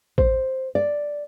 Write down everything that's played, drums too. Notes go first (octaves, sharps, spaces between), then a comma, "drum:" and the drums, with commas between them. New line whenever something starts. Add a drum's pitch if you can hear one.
C5, drum: kick A1
D5